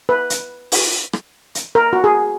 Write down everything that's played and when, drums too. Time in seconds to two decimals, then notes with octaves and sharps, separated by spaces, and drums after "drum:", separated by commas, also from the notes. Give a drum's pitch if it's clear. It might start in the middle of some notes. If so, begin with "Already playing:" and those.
0.09 B4
0.30 drum: hi-hat
0.72 drum: open hi-hat
1.13 drum: rim click
1.55 drum: hi-hat
1.75 A#4
1.93 F#4
2.04 G#4